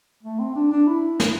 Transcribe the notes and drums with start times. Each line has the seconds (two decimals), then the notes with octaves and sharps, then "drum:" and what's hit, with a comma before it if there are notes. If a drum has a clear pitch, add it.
0.23 A3
0.39 C4
0.55 D4
0.71 D4
0.87 E4
1.20 drum: snare